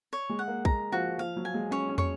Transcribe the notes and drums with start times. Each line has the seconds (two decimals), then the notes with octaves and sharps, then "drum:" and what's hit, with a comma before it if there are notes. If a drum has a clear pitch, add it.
0.13 C#5
0.29 G#3
0.39 F#5
0.48 A#3
0.65 G#3 A#5, drum: kick
0.92 F3 F#4
1.18 F3 F5
1.36 F#3
1.45 G#5
1.54 G#3
1.71 C#4 C#5
1.89 C#4
1.98 C#5, drum: tom